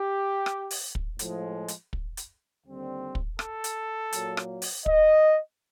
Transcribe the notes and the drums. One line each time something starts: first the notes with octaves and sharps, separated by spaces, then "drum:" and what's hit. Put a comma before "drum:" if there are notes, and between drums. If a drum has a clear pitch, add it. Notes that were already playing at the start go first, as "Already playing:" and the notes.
Already playing: G4
drum: rim click
drum: open hi-hat
drum: kick
A2 F3 G#3, drum: hi-hat
drum: hi-hat
drum: kick
drum: hi-hat
D#2 D3 G3 C4
drum: kick
A4, drum: rim click
drum: hi-hat
A#2 F#3 A#3, drum: hi-hat
drum: rim click
drum: open hi-hat
D#5, drum: kick